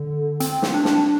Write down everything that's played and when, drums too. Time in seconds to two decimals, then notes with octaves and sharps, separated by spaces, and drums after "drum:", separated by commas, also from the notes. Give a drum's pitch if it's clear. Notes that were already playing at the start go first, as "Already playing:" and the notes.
Already playing: D3
0.40 C4, drum: hi-hat
0.62 drum: snare
0.74 D4
0.85 drum: snare